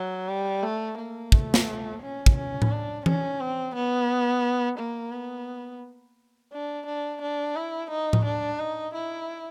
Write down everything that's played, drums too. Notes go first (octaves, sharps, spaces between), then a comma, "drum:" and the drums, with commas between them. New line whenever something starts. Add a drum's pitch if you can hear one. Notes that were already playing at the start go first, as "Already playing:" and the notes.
Already playing: F#3
G3
A3
A#3
A3, drum: kick
drum: snare
C#4
drum: kick
C#4
drum: tom A2
D4
C#4, drum: tom E3
C4
B3
A#3
B3
D4
D4
D4
E4
D#4
drum: tom A2
D4
D#4
E4